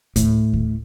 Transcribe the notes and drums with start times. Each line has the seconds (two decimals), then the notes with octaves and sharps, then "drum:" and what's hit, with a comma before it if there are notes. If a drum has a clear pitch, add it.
0.16 A2, drum: kick D2, hi-hat
0.53 drum: kick D2